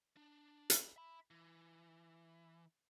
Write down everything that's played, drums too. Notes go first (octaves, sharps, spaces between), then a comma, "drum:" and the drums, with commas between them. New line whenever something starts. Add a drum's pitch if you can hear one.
D4
drum: hi-hat
E5 B5
E3